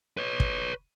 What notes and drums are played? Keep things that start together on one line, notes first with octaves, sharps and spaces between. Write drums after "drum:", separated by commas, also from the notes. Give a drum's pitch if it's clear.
B4 C#5
drum: kick